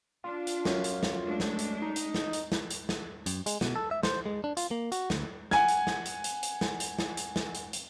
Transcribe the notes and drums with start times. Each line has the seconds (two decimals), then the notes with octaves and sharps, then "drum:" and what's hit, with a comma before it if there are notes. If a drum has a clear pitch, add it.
0.24 D4 F4
0.47 drum: hi-hat
0.65 F#2, drum: snare
0.84 drum: hi-hat
1.03 drum: snare
1.25 G#3 A3 D4
1.40 drum: snare
1.59 drum: hi-hat
1.82 D#4
1.96 drum: hi-hat
2.14 drum: snare
2.33 drum: hi-hat
2.52 drum: snare
2.70 drum: hi-hat
2.89 drum: snare
3.26 F#2, drum: hi-hat
3.46 G#3, drum: hi-hat
3.61 B2, drum: snare
3.76 A4
3.91 E5
4.03 C5, drum: snare
4.26 G#3
4.44 D4
4.57 F4, drum: hi-hat
4.71 A#3
4.92 F#4, drum: hi-hat
5.10 D2, drum: snare
5.51 F#5 G#5 G#6, drum: snare
5.68 drum: hi-hat
5.87 drum: snare
6.05 drum: hi-hat
6.24 drum: hi-hat
6.43 drum: hi-hat
6.61 drum: snare
6.80 drum: hi-hat
6.99 drum: snare
7.17 drum: hi-hat
7.36 drum: snare
7.54 drum: hi-hat
7.73 drum: hi-hat